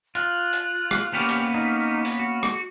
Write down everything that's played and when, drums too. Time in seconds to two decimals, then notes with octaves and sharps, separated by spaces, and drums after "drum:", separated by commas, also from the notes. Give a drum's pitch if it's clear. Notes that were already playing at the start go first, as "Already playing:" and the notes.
0.15 F4 F#6, drum: hi-hat
0.53 drum: hi-hat
0.91 drum: rim click
1.13 A#3 B3 C#4 G4 B6
1.29 drum: hi-hat
1.54 D#4
2.05 drum: open hi-hat
2.19 F#4
2.43 drum: rim click